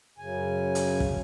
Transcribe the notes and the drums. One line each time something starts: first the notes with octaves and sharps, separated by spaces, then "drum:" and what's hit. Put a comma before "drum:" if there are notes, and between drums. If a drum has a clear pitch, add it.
F#2 C#3 G#5
drum: hi-hat
drum: kick